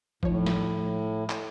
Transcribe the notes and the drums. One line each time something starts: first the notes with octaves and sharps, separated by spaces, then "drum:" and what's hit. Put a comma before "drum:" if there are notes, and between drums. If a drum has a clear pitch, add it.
A2 F3 D#4 C#5, drum: kick
drum: snare
drum: clap